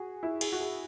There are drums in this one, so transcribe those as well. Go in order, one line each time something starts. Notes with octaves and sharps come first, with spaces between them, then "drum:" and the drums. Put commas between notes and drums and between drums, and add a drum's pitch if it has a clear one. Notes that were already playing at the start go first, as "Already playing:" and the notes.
Already playing: F#4 G#4
E4
G#4, drum: cymbal
F#4
G#4